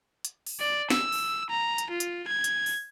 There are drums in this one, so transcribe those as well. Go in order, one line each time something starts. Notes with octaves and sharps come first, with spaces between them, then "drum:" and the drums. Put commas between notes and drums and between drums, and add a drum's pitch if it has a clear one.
drum: hi-hat
drum: open hi-hat
D5
E6, drum: snare
drum: open hi-hat
A#5
drum: hi-hat
F4
drum: hi-hat
G#6
drum: hi-hat
drum: open hi-hat